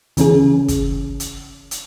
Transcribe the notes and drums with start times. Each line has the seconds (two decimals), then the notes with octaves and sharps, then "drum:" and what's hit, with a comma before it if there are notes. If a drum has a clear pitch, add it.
0.17 C#3 E3 C#4 G#4, drum: hi-hat
0.68 drum: kick, hi-hat
1.20 drum: hi-hat
1.71 drum: hi-hat